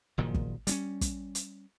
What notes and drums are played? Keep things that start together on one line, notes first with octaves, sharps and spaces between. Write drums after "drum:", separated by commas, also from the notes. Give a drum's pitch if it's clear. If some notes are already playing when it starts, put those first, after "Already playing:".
F#1 A#2 D#3 F3
drum: kick
G3 C4 C#4, drum: hi-hat
drum: kick, hi-hat
drum: hi-hat